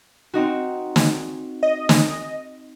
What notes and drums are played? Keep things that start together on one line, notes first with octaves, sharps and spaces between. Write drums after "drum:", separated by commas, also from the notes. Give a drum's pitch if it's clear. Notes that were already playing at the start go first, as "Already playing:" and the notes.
C4 D#4 F#4
drum: snare
D#5
drum: snare